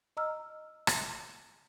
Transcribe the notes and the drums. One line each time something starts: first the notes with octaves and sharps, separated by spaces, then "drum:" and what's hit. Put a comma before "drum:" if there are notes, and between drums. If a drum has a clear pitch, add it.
D#5 A#5 E6 F6
drum: rim click